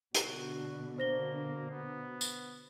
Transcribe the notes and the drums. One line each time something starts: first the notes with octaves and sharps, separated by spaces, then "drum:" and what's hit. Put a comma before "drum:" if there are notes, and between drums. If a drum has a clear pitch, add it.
B2 D3 F#4, drum: hi-hat
A#3 C5 A#6 G7
B3
drum: tambourine